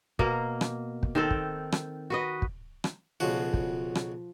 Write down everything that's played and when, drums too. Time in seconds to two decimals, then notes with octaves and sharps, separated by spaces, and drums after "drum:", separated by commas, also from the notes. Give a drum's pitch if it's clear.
0.19 B2 A#3 A#4, drum: kick
0.61 drum: rim click
1.03 drum: kick
1.15 D#3 C4 A4
1.31 drum: kick
1.72 drum: rim click
2.10 F#4 B4 D#5
2.42 drum: kick
2.84 drum: rim click
3.20 B1 C#3 F3 F#4
3.54 drum: kick
3.95 drum: rim click